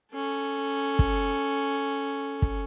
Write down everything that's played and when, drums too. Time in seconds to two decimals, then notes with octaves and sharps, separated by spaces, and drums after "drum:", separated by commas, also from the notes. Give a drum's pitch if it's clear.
0.13 C#4 A4
0.99 drum: kick
2.42 drum: kick